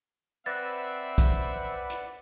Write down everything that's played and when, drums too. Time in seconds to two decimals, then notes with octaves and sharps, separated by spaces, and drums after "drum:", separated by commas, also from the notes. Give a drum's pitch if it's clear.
0.46 C4 B4 D5 E5 F#5 A6 A#6
1.18 drum: kick B1, hi-hat
1.90 drum: hi-hat